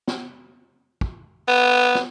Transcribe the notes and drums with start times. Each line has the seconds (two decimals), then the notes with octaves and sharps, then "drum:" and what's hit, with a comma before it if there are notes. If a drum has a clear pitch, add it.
0.08 drum: snare
1.01 drum: kick
1.48 B3
1.95 drum: snare